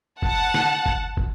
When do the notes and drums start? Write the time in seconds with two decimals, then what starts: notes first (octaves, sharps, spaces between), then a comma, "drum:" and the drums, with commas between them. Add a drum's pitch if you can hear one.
0.22 F#5 A5, drum: kick
0.54 drum: snare
0.86 drum: kick
1.17 drum: kick